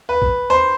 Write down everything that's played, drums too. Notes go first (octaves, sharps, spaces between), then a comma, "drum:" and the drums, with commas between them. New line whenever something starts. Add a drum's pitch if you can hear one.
B4
drum: kick A#1
C5